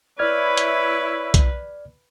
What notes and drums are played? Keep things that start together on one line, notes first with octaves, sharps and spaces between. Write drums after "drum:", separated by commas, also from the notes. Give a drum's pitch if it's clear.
E4 B4 C#5 D5 F6 G#6
drum: hi-hat
drum: kick B1, hi-hat